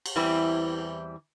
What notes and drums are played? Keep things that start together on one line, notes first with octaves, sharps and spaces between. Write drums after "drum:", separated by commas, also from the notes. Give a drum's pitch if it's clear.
drum: cymbal
E2 E3 G3 C4 E4